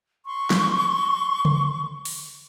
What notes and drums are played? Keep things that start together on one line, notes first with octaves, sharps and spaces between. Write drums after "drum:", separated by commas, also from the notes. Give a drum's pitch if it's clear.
C6 C#6
drum: snare
drum: tom C#3
drum: open hi-hat